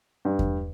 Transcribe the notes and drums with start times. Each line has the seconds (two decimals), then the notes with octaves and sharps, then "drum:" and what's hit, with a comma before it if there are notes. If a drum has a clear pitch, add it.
0.25 G2
0.39 drum: kick E2